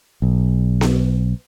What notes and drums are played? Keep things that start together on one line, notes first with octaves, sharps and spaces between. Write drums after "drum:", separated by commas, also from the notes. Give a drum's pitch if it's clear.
B1
drum: snare B3